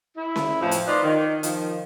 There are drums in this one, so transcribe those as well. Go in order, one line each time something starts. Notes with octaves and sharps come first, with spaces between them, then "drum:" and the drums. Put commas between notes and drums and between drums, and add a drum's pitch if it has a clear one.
E4
drum: snare C#4
F2 A2 E3 F3
drum: hi-hat
D#4 F4 B4 C5 D5 D#5
D#3
D#3 F3, drum: hi-hat